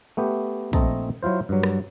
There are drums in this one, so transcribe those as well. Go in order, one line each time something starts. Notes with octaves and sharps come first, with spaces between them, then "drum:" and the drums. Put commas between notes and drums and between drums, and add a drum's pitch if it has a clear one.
A3 B3 G4
A#1 A3 C4 D#5 A5 A#5, drum: kick, hi-hat
F#3 E4 F4 C5
G2 F#3
drum: rim click